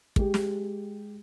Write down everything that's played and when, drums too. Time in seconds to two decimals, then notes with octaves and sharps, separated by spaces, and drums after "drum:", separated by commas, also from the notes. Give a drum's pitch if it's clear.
0.16 G#3 G4, drum: kick
0.34 drum: snare